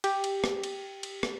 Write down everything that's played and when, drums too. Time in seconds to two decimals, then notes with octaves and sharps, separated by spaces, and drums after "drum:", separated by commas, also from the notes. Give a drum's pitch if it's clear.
0.04 G4, drum: cymbal
0.24 drum: cymbal
0.44 drum: rim click
0.64 drum: cymbal
1.03 drum: cymbal
1.23 drum: rim click